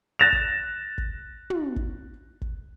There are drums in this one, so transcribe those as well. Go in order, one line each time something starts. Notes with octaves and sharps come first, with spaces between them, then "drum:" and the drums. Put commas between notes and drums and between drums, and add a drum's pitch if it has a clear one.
F#6 A6 A#6 E7 F7
drum: kick
drum: kick
drum: tom
drum: kick
drum: kick